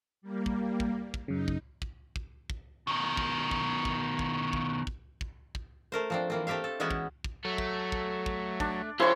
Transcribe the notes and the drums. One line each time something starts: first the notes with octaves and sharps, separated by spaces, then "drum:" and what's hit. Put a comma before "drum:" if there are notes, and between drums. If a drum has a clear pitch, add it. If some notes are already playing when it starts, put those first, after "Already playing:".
G3 A#3
drum: kick
drum: kick
drum: kick
F#2 C#3 D#4
drum: kick
drum: kick
drum: kick
drum: kick
B2 D#3
drum: kick
drum: kick
drum: kick
drum: kick
drum: kick
drum: kick
drum: kick
drum: kick
A3 A#4 C5
F3 C4 D4
E3 A#3 C4
A3 C4 G4 E5 F5
A4
E3 G#3 B3 C#4 E4 F#4
drum: kick
drum: kick
F#3 A3
drum: kick
drum: kick
drum: kick
D4, drum: kick
E4 F4 G4 G#4 C5 C#5 G5